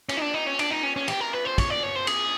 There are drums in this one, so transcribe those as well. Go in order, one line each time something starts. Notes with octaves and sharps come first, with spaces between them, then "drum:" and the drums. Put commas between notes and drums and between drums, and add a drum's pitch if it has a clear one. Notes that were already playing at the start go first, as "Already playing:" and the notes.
C#4, drum: cymbal
D#4
D4
D#4
C#4
D4, drum: cymbal
D#4
C#4
C#4
G4, drum: cymbal
A#4
B4
C5
C#5, drum: kick, cymbal
D5
C#5
C5
G#4, drum: cymbal